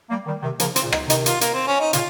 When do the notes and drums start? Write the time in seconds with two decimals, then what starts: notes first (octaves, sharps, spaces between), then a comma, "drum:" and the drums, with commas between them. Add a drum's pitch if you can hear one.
0.10 G3 A#3
0.26 D#3 G3
0.42 C3 D#3
0.60 C#3 F3 A#3, drum: hi-hat
0.76 C4, drum: hi-hat
0.82 A#2 C#3
0.92 D#4, drum: rim click
1.04 C3 D#3
1.10 D#4, drum: hi-hat
1.26 F4, drum: hi-hat
1.41 A#3, drum: hi-hat
1.54 C4
1.67 C#4
1.80 D#4
1.93 A#2 C#3 F4, drum: hi-hat